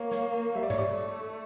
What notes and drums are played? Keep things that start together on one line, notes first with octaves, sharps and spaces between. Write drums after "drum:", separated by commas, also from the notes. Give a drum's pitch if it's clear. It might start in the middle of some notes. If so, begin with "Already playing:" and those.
Already playing: A#3 C#5
C#5, drum: snare
G3 E5
D5
C#5, drum: tom G2
D5
A3, drum: tambourine